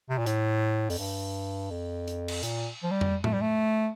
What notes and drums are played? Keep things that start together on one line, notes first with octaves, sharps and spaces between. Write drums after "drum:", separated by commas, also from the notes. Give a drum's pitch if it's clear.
C3
A#2
A2, drum: hi-hat
F2, drum: open hi-hat
G2
F2
drum: hi-hat
drum: cymbal
A#2, drum: hi-hat
F3
G3
drum: tom
A3, drum: tom A2
G3
A3